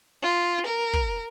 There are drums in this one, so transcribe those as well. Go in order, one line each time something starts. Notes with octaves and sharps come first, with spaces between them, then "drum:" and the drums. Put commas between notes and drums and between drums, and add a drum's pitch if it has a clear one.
F4
A#4
drum: kick